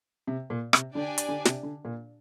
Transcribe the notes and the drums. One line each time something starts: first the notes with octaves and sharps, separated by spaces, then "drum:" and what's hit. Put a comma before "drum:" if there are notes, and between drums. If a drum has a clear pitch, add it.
C3
A#2
C3, drum: rim click
D3 D4 G4 D5 G#5
drum: hi-hat
D3
C3, drum: snare
D3
A#2